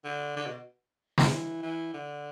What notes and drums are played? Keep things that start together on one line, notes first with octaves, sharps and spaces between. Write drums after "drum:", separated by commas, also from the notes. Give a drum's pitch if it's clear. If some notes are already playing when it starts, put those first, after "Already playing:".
D3
D3
B2
drum: snare
E3
E3
D3